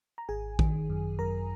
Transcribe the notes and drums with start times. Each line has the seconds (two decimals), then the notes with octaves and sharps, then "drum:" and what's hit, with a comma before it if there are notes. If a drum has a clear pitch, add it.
0.18 A#5
0.29 G#1 G#4 G#5
0.59 D#3, drum: kick
0.90 F#2
1.19 F#2 A#4 A#5